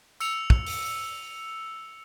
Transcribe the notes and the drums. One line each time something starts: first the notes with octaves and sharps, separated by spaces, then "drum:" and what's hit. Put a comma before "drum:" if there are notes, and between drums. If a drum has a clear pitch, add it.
E6 C#7 F7, drum: tambourine
drum: kick
drum: open hi-hat